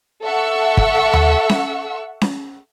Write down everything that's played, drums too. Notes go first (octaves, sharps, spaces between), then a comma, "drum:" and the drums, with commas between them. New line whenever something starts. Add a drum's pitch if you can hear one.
A4 E5 F#5 C#6 E6
drum: kick
drum: tom D#2
drum: snare C#4
drum: snare C#4